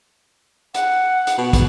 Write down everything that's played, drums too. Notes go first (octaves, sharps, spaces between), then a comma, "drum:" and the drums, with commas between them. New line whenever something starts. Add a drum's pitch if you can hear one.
F#5, drum: hi-hat
drum: hi-hat
B2
drum: kick, hi-hat